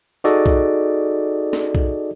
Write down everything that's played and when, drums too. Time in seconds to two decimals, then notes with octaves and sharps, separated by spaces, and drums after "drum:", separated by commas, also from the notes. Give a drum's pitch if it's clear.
0.24 D#4 F#4 G#4 A4 D5 D#5
0.46 drum: kick B1
1.53 drum: snare
1.75 drum: kick B1